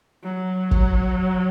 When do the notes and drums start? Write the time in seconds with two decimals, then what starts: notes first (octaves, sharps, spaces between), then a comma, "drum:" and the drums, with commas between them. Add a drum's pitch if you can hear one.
0.23 F#3
0.71 drum: kick